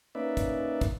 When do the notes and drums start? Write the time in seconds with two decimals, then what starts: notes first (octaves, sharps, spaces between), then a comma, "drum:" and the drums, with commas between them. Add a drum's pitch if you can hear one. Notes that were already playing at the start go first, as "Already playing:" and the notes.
0.15 A#3 C#4 D#4 B4 D5 E5
0.37 drum: kick, hi-hat
0.81 drum: kick, hi-hat